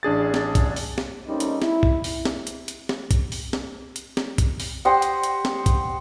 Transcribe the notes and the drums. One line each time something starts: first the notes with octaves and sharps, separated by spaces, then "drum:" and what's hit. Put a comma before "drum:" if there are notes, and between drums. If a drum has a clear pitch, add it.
A1 D4 G#4 A6
drum: snare
drum: kick, hi-hat
drum: open hi-hat
drum: snare
G3 A3 A#3 C4 C#4 D#4
drum: hi-hat
E4, drum: snare
drum: kick
drum: open hi-hat
drum: snare
drum: hi-hat
drum: hi-hat
drum: snare
drum: kick, hi-hat
drum: open hi-hat
drum: snare
drum: hi-hat
drum: snare
drum: kick, hi-hat
drum: open hi-hat
G4 C5 D#5 F#5
drum: hi-hat
drum: hi-hat
drum: snare
drum: kick, hi-hat